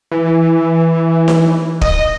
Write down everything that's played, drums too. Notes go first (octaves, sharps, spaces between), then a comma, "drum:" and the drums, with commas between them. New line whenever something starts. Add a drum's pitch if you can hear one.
E3
drum: snare D#4
D#5, drum: kick